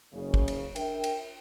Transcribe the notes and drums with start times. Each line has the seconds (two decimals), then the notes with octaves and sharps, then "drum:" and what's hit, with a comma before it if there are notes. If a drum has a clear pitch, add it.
0.13 F#1 C#3
0.34 drum: kick
0.48 drum: cymbal
0.76 D4 A#4 E5 G5, drum: cymbal
1.04 drum: cymbal